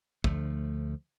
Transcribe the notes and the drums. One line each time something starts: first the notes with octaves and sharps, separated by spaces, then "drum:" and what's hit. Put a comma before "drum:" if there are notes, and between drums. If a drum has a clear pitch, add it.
D2 D3 F3 A3, drum: kick